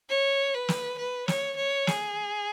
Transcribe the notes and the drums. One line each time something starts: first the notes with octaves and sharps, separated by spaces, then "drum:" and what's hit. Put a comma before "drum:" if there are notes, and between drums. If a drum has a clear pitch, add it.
C#5
B4
drum: snare
B4
C#5, drum: snare
C#5
G#4, drum: snare